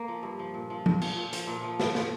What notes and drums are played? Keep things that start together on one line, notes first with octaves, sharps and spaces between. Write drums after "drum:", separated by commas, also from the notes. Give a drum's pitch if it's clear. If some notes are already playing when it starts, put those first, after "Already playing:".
Already playing: A#3
F3
G2
F3
A#2
F3
A#2, drum: tom F3
F3, drum: cymbal
A#2
F3, drum: hi-hat
A#2
F3
A2, drum: snare
F3, drum: snare